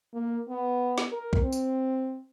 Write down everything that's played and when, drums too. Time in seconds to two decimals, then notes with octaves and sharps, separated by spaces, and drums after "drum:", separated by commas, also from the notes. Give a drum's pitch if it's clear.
0.14 A#3
0.49 B3
0.98 drum: snare
1.12 A#4
1.33 drum: kick B1
1.43 C4
1.52 drum: tambourine